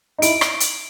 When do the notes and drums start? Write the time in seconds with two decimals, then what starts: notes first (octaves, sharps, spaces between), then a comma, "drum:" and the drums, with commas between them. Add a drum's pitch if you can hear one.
0.18 D#4
0.22 E4 D7, drum: hi-hat
0.41 drum: rim click
0.60 drum: hi-hat